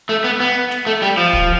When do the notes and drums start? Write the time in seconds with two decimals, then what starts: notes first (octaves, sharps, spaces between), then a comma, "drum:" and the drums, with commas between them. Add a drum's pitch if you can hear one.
0.09 A3
0.24 B3
0.40 B3
0.71 drum: snare
0.87 A3
1.02 G3
1.17 F3
1.33 drum: kick